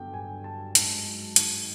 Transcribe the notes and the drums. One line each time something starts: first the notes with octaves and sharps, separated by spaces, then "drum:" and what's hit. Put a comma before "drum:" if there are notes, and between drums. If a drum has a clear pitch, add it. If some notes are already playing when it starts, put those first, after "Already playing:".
Already playing: G2 D3 F#3 B3 G5
G2 G#5
F#3 A5
G#2, drum: hi-hat
F#3
D#3, drum: hi-hat